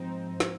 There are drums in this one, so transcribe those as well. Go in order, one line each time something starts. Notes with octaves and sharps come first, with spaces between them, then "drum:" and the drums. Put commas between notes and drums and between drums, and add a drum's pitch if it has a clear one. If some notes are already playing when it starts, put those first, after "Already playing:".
Already playing: G#2 F3 C4 D#4
drum: snare